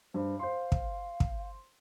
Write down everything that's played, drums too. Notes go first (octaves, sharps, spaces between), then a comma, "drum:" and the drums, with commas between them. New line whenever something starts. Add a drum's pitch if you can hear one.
G2 C5
C5 F5 C6
drum: kick
drum: kick